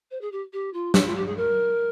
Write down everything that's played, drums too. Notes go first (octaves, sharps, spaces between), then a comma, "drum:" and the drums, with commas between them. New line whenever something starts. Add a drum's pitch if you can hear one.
C5
G#4
G4
G4
F4
G4, drum: snare
F4
G4
G#4
A#4